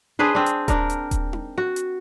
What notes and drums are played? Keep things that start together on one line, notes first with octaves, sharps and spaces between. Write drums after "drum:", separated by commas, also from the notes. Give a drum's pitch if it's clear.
D4 G#4 B4 C5
C4 D4
drum: hi-hat
D4 A#4, drum: kick D#1, hi-hat
drum: hi-hat
drum: kick D#1, hi-hat
drum: tom D#4
F#4
drum: hi-hat